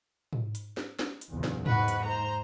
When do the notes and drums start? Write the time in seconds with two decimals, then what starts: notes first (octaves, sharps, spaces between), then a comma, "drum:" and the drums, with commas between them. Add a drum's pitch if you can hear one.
0.33 drum: tom G#2
0.55 drum: hi-hat
0.77 drum: snare
0.99 drum: snare
1.21 drum: hi-hat
1.32 F#1 E2 A#2
1.44 drum: snare
1.66 G#2 F#4 B4, drum: tom G#2
1.88 drum: hi-hat
2.05 C5 A#5